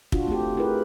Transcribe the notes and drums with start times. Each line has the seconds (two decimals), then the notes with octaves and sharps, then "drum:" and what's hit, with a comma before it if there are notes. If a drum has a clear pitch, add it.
0.12 D4 F4 F#4, drum: kick
0.27 A3 C4 G4
0.57 E4 G4 G#4 A#4 B4